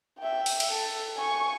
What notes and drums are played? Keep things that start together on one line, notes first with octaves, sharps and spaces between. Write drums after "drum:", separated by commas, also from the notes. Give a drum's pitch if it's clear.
E5 G5
drum: open hi-hat
drum: cymbal
A4
G#5 C#6